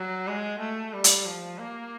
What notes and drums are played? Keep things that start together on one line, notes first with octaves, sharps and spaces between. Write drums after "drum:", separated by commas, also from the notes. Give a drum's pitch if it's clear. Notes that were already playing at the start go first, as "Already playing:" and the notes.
Already playing: F#3
G#3
A3
G3
drum: hi-hat
F3
A#3